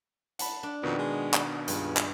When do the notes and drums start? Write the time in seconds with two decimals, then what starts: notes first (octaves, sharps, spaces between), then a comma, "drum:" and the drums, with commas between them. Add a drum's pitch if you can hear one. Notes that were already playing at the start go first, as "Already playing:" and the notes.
0.39 F#5 A5 B5, drum: hi-hat
0.63 D4
0.83 F2 B2 D#3 B3
0.98 G#3
1.34 drum: clap
1.68 C#2 G2, drum: hi-hat
1.97 drum: clap